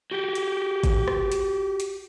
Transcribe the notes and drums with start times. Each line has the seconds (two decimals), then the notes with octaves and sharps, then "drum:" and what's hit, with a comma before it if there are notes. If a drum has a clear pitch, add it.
0.11 F#4 G4
0.35 drum: hi-hat
0.84 drum: kick, hi-hat
1.08 drum: rim click
1.32 drum: hi-hat
1.80 drum: hi-hat